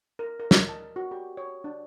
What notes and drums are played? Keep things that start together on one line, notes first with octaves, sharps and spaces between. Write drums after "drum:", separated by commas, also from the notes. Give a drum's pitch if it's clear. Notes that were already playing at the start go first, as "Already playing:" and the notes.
A#4
A#4
D#5, drum: snare
A5
F#4
G4
C#5
D4